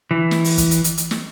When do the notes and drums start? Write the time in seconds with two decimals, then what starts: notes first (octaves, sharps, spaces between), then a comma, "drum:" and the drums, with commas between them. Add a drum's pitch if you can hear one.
0.11 E3
0.31 drum: snare
0.44 drum: open hi-hat
0.58 drum: kick, hi-hat
0.71 drum: hi-hat
0.84 drum: hi-hat
0.98 drum: hi-hat
1.11 drum: snare